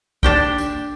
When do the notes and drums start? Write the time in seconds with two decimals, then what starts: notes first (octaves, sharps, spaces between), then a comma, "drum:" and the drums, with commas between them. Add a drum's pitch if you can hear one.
0.23 D4 G4 G5, drum: kick
0.58 drum: tambourine